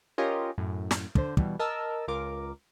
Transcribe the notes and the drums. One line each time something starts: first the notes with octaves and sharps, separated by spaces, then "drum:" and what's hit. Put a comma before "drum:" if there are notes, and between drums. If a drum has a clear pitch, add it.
C#4 F4 G4 A#4 C#5 D#5
F#2 A2
drum: snare
D3 C5, drum: kick
B2 E3 G3, drum: kick
A#4 D#5 A5 E6
C#2 F4 A#4 D6